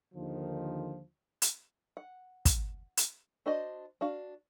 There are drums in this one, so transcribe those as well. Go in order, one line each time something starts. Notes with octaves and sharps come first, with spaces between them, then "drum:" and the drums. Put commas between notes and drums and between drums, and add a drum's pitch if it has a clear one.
D#2 D3 D#3 F3
drum: hi-hat
F#5
drum: kick, hi-hat
drum: hi-hat
D4 F#4 C5 D5 D#5
D4 F#4 F5